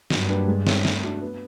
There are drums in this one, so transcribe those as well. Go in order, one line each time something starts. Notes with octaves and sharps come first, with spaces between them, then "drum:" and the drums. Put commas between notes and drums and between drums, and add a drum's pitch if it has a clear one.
G2 F#3, drum: snare
A#3 D4 G4 B4
G#3
C4 E4 G#4 C#5, drum: snare
A3, drum: snare
D4 F#4
B3